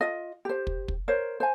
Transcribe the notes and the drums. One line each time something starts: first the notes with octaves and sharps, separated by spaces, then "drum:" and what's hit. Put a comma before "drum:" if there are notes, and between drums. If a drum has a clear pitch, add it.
F4 D#5
G4 C5
drum: kick
drum: kick
A#4 C5 C#5
C5 G#5